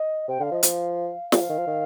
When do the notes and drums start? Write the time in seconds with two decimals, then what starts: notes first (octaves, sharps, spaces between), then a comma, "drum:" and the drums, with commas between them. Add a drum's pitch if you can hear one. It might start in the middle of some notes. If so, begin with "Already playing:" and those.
Already playing: D#5
0.28 C3 G5
0.40 D3 F5
0.51 F3 D#5
0.63 F3 F5, drum: hi-hat
1.32 G3 F5, drum: snare
1.41 F3
1.49 D#3
1.58 F3
1.67 D#3